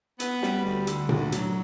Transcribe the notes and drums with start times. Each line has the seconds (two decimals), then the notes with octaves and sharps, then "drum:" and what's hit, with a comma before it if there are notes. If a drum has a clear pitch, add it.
0.20 B3, drum: hi-hat
0.43 G3, drum: snare
0.64 D2
0.87 D3, drum: hi-hat
1.09 D2, drum: tom A#2
1.32 F#3, drum: hi-hat